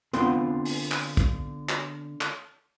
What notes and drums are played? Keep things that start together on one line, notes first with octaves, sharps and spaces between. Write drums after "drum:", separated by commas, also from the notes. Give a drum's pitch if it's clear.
D3 B3 C4 F4 F#5 C6, drum: hi-hat
drum: open hi-hat
drum: clap
drum: kick, hi-hat
drum: clap
drum: clap